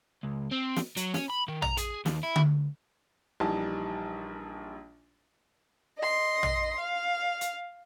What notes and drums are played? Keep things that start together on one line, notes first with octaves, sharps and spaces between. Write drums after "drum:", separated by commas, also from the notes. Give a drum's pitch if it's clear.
C#2
C4
drum: snare
F#3, drum: hi-hat
C#4, drum: snare
B5
D#3
A#5, drum: tom A#1
G#4, drum: hi-hat
D#2, drum: snare
E4
drum: tom D3
A#1 E3 G3 D#4 A5
D#5 C6
drum: tom A#1
F5
drum: hi-hat